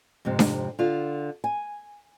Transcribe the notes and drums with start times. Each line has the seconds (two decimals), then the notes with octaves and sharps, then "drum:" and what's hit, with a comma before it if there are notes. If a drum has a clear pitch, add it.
0.25 F2 G#2 C3
0.39 drum: snare D4
0.79 D3 F4
1.44 G#5